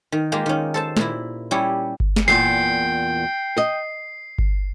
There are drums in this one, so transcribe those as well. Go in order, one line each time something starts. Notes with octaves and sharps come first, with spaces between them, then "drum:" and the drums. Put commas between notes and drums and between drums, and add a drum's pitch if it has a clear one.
D#3
G#3 A#3 F4 G4
D#3 C#4
A4 C5 A5
A#2 E4, drum: snare
G3 C#4 E4 G4 C#5
drum: kick G1
drum: snare
E2 A#2 G5 C7
D#5
drum: kick G1